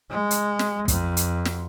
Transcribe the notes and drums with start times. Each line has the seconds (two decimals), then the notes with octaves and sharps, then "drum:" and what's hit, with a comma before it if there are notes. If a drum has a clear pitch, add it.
0.10 G#3
0.31 drum: hi-hat
0.59 drum: snare
0.88 F2, drum: kick, hi-hat
1.17 drum: hi-hat
1.45 drum: snare